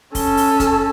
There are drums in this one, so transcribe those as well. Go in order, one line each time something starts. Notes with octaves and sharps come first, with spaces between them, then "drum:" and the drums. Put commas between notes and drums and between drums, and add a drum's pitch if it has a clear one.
C#4 A4, drum: kick, open hi-hat
drum: open hi-hat
drum: kick, hi-hat